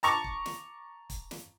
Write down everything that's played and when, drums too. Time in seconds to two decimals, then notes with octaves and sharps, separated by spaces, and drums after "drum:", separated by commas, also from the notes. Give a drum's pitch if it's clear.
0.03 A5 A#5 C#6 D6, drum: hi-hat
0.24 drum: kick
0.46 drum: snare
1.10 drum: kick, hi-hat
1.31 drum: snare